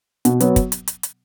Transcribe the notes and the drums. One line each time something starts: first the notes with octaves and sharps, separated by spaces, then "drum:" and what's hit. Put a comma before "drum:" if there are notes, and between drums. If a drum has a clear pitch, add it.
B2, drum: hi-hat
F#3 B3, drum: hi-hat
drum: kick, hi-hat
drum: hi-hat
drum: hi-hat
drum: hi-hat